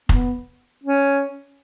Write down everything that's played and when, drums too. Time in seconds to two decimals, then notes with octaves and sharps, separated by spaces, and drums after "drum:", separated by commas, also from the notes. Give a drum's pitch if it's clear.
0.09 B3, drum: kick
0.83 C#4